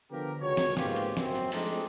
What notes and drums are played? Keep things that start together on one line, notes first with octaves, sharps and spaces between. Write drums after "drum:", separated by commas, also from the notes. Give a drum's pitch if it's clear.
D3 F3 B3 G4 A#4
C#2 D3 F#4 C#5
drum: snare
G#2 A#3 B3 F4 G4, drum: snare
drum: hi-hat
F#2 C4, drum: snare
drum: hi-hat
F3 G#3 A3 C4 D4 D#4, drum: open hi-hat